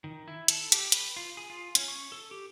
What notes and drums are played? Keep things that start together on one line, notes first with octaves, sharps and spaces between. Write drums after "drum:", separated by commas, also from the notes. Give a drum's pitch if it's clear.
D#3
E4
A4, drum: hi-hat
G4, drum: hi-hat
B4, drum: hi-hat
F4
G#4
F4
C#4, drum: hi-hat
C#6
A4
G4